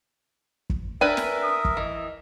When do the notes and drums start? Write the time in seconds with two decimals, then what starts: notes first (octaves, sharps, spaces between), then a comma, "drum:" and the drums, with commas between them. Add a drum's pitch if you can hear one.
0.70 drum: kick
1.01 D4 A#4 B4 E5 G#5
1.17 drum: snare
1.43 D#6
1.65 drum: kick
1.77 E3 D#5